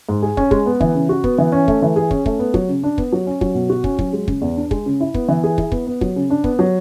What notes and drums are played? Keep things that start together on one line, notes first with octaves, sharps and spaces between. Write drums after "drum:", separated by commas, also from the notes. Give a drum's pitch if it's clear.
G#2
G#4
C#4, drum: kick
G#3, drum: kick
B3
E3, drum: kick
C#3
F#4
B3, drum: kick
E3
C#4
A3, drum: kick
E3
G#4
C#4, drum: kick
A3, drum: kick
B3
F#3, drum: kick
C#3
D4
B3, drum: kick
F#3
C#4
F#3, drum: kick
B2
F#4
C#4, drum: kick
F#3, drum: kick
G#3
C#3, drum: kick
E2
D4
G#3, drum: kick
C#3
E4
B3, drum: kick
E3
G#4
E4, drum: kick
B3, drum: kick
B3
F#3, drum: kick
C#3
D4
B3, drum: kick
F#3